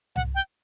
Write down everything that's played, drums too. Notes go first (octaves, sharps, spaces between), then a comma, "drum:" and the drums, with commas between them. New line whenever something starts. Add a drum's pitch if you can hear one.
F#5, drum: tom C2
G5